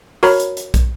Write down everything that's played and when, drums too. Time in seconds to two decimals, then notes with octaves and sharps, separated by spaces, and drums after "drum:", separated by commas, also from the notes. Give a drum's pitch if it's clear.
0.23 F#4 A#4 C#5 A#5 B5, drum: open hi-hat
0.40 drum: hi-hat
0.57 drum: hi-hat
0.74 drum: kick, hi-hat